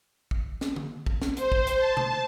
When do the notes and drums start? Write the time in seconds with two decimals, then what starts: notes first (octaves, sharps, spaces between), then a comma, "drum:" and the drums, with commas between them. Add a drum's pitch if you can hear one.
0.31 drum: kick
0.61 drum: snare
0.76 drum: tom
1.06 drum: kick
1.22 drum: snare
1.37 C5, drum: hi-hat
1.52 drum: kick
1.67 drum: hi-hat
1.78 A5
1.97 drum: tom B2